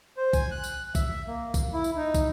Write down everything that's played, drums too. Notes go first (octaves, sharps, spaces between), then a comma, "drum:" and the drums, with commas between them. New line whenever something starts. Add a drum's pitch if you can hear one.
C5
G#5, drum: kick, tambourine
F#6
drum: tambourine
E5, drum: kick, tambourine
A#3
drum: kick, tambourine
E4
drum: tambourine
D#4
drum: kick, tambourine